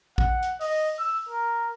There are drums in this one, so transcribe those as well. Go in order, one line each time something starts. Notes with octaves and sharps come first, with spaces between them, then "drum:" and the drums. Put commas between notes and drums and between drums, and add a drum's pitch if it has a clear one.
F#5, drum: kick A#1
drum: hi-hat
D#5, drum: open hi-hat
E6
A#4